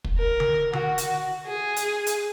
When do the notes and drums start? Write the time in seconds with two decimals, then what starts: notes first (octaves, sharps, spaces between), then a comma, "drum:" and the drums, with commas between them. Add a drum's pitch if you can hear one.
0.04 drum: kick
0.18 A#4
0.40 drum: tom D3
0.73 F#4, drum: tom D3
0.98 drum: hi-hat
1.47 G#4
1.76 drum: hi-hat
2.07 drum: hi-hat